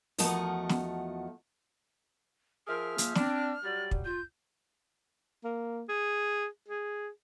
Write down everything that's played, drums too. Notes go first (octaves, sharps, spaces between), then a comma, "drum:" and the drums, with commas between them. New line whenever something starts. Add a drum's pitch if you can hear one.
E2 F3 A3 F#4 A#4 D#5, drum: open hi-hat
drum: snare
F3 G#4 A#4 E5 F6
A#3, drum: hi-hat
C4 D4, drum: snare
F#3 G3 D5
drum: kick
F4 G6
A#3
G#4
G#4